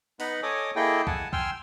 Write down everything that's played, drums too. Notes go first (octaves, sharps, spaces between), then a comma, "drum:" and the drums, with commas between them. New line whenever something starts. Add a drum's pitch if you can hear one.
B3 D#4 B4 D#5 F#5 B5, drum: open hi-hat
A4 C#5 D#5 G#5 D6 D#6
A#3 E4 G#4 A4 D#5 G5
F#5 G#5 A5, drum: kick
G5 G#5 C6 E6 F6, drum: kick